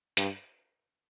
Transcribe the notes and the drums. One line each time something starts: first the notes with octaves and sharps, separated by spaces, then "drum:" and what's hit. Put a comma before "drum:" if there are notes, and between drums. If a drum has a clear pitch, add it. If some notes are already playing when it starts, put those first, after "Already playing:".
G2, drum: hi-hat